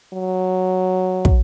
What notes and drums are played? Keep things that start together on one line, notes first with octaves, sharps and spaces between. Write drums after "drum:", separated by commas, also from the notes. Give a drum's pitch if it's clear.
F#3
drum: kick